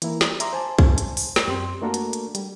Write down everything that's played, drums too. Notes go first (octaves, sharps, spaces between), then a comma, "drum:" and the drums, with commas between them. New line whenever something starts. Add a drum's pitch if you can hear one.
E3 A#3 E4 A#4, drum: hi-hat
drum: snare
E5 A#5 C6 D6, drum: hi-hat
C5 G#5 A5
drum: kick B1
drum: hi-hat
drum: open hi-hat
drum: snare
F#2 C4 G4 C6
A3 A#3 D4 F#4 A4 A#4
drum: hi-hat
drum: hi-hat
G3, drum: hi-hat